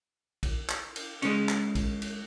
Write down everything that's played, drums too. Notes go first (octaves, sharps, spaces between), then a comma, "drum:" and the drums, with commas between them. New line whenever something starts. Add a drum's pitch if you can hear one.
drum: kick, cymbal
drum: clap
drum: cymbal
G#3 C#4, drum: cymbal
drum: clap
drum: kick, cymbal
drum: cymbal